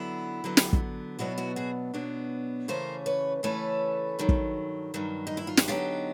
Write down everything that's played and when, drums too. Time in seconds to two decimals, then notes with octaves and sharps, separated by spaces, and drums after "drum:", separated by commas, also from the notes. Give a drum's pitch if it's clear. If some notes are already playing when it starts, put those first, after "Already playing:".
Already playing: D3 F#3 B3 E4
0.44 D3 F#3 B3
0.57 drum: snare
0.73 drum: kick
1.19 B2 F#3 B3 D4 E4 F#4
1.38 E4 F#4
1.56 F#4 G#4
1.94 B2 F#3 B3 D4
2.68 C#3 E3 A3 C#4 A#4 C5
3.06 B4 C#5
3.43 C#3 E3 A3 C#4 A4 B4
4.19 G2 D#3 F#3
4.29 drum: kick
4.94 G2 D#3 F#3
5.27 D#4
5.37 E4
5.47 F4
5.57 F#4, drum: snare
5.68 D3 F#3 B3 D#4 F4 G4